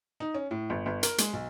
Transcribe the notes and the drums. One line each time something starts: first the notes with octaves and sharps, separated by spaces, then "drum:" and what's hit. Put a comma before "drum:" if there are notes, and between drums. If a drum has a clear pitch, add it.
D#4
C#4
A2
G1
G1
A#4, drum: hi-hat
G#3, drum: hi-hat
B1